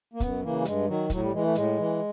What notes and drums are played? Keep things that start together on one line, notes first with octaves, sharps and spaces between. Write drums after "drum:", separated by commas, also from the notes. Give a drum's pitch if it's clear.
A#3
F#2 B3, drum: kick, hi-hat
C#3 E3 A#3
G3
G2 G#3, drum: hi-hat
D#3 F#3
A2 F#3, drum: kick, hi-hat
G3
E3 G#3
A3
A2 G#3, drum: hi-hat
E3